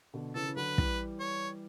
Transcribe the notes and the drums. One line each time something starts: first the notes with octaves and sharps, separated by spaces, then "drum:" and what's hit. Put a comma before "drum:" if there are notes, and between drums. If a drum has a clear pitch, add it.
B2 D3
C#3 E3 A4
E3
D3 F#3 B4
E3 G3, drum: kick
C#5